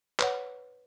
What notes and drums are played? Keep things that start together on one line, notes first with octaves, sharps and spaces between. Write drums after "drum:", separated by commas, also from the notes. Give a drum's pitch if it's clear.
B4 C#5 F#5, drum: clap